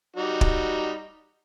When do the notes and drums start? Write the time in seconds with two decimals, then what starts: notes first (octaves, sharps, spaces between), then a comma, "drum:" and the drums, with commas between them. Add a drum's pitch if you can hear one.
0.16 G3 D#4 F#4
0.41 drum: kick